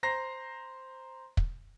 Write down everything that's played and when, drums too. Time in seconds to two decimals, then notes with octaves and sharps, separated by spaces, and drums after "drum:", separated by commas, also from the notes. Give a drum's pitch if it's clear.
0.03 C5 A#5 A#6 C7
1.37 drum: kick